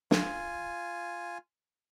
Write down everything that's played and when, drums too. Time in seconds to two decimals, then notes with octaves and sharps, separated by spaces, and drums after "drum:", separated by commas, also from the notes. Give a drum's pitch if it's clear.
0.11 F4 G#5, drum: snare